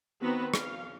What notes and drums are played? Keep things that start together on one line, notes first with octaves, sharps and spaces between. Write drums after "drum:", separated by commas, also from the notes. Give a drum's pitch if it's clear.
D#3 B3 C4 F#4 B4 A#5
F5, drum: rim click